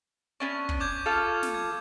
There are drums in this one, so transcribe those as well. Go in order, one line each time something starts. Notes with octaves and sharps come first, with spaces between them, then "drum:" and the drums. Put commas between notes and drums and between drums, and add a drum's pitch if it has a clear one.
B3 C#4 D4 C#6
drum: kick
D6 G6 G#6
F4 A4 F5
drum: snare
G#6